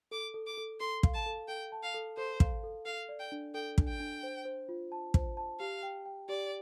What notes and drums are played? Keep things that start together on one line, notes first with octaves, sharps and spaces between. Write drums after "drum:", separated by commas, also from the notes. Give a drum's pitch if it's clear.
A4 D6
A4
D6
A4
A4 C6
F5, drum: kick
A5
A4
A4 G5
A5
F5
A4
A4 C5
F5, drum: kick
A4
A4 F5
D5
G5
D4
A4 G5
D4, drum: kick
G5
D4
C5
C5
F4
A5
C5, drum: kick
A5
G4 F5
G5
G5
G4 D5